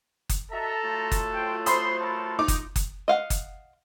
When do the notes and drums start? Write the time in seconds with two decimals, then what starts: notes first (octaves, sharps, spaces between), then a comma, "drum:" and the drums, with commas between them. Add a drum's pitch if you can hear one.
0.29 drum: kick F#1, hi-hat
0.52 F#4 A4 D#5 E5 A5 A#5
0.83 F#3 A3 F4
1.11 drum: kick F#1, hi-hat
1.34 C5 G5
1.66 C5 B5 C6 D#6, drum: hi-hat
2.00 A4 A#4 A5
2.39 D#4 D6
2.48 drum: kick F#1, hi-hat
2.76 drum: kick F#1, hi-hat
3.08 D#5 F5 F#5
3.30 drum: kick F#1, hi-hat